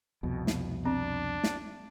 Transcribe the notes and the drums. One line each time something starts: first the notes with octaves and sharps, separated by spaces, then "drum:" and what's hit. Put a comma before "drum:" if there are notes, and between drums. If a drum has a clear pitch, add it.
C2 F2 B2
drum: snare
C4 D4
drum: snare